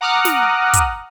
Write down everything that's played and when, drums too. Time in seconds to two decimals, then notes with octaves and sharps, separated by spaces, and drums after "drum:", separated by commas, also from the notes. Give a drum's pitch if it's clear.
0.01 F#5 A#5 D6 D#6 F6 F#6
0.25 drum: snare
0.73 drum: kick, hi-hat